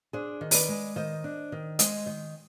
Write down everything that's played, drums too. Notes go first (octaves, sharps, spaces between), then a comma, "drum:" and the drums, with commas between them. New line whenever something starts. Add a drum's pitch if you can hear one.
D4 G#4 C5
D#3
C5, drum: open hi-hat
B4 D5
G#3
D#3 C5 D#5
D4
D#3
G#3 C5 D#5, drum: hi-hat
D#3